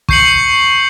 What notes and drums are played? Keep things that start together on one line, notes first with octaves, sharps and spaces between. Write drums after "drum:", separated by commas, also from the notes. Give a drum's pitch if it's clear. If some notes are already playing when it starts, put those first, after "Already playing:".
C#6 G6 C7 C#7 F#7, drum: kick